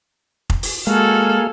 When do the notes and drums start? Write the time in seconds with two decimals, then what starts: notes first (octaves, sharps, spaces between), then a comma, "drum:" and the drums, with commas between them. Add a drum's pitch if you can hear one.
0.50 drum: kick F1
0.63 drum: open hi-hat
0.87 G#3 A#3 F#4 G#4 A4 F5 F6